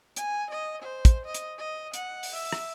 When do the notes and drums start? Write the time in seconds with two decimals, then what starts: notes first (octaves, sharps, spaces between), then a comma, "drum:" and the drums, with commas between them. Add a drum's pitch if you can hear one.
0.16 G#5, drum: hi-hat
0.50 D#5
0.82 C5
1.05 drum: kick, hi-hat
1.25 D#5
1.34 drum: hi-hat
1.58 D#5
1.94 F#5, drum: hi-hat
2.23 drum: open hi-hat
2.33 E5
2.52 drum: rim click